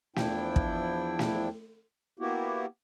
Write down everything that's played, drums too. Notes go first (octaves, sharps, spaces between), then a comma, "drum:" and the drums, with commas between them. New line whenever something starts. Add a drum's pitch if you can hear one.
E2 F3 D4 E4 G5, drum: snare
drum: kick
drum: snare
A#3 B3 E4 F#4 G4